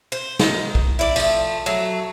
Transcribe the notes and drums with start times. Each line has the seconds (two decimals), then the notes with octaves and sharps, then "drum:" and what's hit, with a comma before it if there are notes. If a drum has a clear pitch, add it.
0.12 C5
0.40 D#3, drum: snare
0.75 drum: kick B1
0.99 E4 D5
1.16 F3 A3, drum: tambourine
1.66 F#3 A3